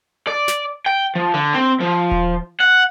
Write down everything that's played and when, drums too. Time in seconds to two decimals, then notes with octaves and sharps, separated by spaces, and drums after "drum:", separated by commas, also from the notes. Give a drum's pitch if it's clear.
0.27 D5
0.48 drum: snare
0.86 G5
1.15 F3
1.34 D3
1.54 C4
1.80 F3
2.12 drum: kick D#1
2.61 F#5